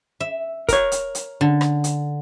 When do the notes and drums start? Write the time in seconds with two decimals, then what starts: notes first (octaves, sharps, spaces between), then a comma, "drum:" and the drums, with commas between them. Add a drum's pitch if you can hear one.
0.20 E5
0.69 A#4 C#5, drum: kick, hi-hat
0.92 drum: hi-hat
1.15 drum: hi-hat
1.41 D3
1.61 drum: rim click
1.84 drum: hi-hat